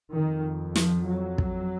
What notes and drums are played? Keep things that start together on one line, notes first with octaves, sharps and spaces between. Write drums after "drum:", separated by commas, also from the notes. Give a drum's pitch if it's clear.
F2 D#3
F3, drum: snare
F#3
drum: kick